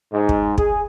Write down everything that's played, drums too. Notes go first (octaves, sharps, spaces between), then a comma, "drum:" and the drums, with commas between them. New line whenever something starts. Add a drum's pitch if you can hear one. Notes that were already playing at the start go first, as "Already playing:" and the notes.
G#2
drum: kick
G#4, drum: kick